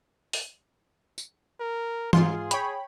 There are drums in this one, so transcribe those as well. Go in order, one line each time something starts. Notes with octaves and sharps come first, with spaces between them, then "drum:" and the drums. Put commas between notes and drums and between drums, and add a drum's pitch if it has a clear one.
drum: open hi-hat
drum: tambourine
A#4
G#2 F4 G#4 C6, drum: tom E3
C#5 G5 B5, drum: hi-hat